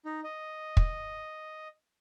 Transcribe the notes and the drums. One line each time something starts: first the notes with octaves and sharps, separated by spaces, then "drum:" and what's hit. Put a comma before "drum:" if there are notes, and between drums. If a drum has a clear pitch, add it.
D#4
D#5
drum: kick